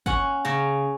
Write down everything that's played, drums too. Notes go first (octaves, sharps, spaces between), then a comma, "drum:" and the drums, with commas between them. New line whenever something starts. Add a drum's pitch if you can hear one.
C#4 F#5, drum: kick G1
C#3 A#5